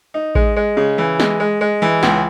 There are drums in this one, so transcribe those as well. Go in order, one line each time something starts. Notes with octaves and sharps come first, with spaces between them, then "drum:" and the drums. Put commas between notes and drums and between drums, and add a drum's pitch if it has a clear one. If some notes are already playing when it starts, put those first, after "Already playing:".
D#4
G#3, drum: kick A1
G#3
C#3
E3
G#3, drum: snare
G#3
G#3
E3
C#2, drum: snare